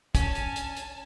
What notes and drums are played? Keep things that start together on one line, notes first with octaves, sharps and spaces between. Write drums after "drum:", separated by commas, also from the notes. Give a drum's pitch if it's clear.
C#4 G#5 A5, drum: kick, hi-hat
drum: hi-hat
drum: hi-hat
drum: hi-hat